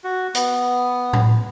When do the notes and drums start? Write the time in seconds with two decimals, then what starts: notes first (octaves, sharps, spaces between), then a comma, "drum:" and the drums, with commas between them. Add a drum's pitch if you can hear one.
0.04 F#4
0.35 B3, drum: hi-hat
1.13 drum: tom A2